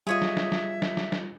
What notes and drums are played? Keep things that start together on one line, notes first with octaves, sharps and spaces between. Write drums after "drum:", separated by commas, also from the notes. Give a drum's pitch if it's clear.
G3 F4 G#4 C#5 D#5 E5
drum: snare
drum: snare
drum: snare
drum: snare
drum: snare
drum: snare